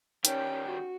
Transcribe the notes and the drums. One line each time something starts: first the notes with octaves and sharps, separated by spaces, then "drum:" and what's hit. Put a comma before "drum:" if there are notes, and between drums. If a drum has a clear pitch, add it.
D#3 G3 C#4 G5, drum: hi-hat
F#4